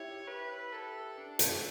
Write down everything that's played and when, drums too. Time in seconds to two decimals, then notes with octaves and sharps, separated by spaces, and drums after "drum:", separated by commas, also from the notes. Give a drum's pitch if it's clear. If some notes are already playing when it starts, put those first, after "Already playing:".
Already playing: E4 G4 C#5
0.27 B4
0.72 A4
1.17 D4
1.39 drum: hi-hat
1.51 A4